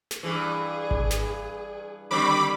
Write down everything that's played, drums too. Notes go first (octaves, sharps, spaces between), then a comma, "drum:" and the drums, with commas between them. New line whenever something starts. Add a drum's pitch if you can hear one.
drum: snare
G2 E3 G#4
drum: kick G#1
drum: snare
D3 D#3 G3 C4 B5 D6